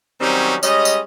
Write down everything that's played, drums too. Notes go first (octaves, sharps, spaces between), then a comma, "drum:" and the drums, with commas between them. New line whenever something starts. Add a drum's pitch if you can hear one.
D#3 F#3 G3 C4 C#4 D#4
G3 G#3 C#4 D#5, drum: tambourine
drum: tambourine